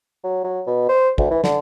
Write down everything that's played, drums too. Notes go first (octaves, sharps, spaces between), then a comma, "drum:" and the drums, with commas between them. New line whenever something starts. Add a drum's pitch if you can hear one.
F#3
F#3
B2
C5
D2, drum: kick
E3
D3, drum: snare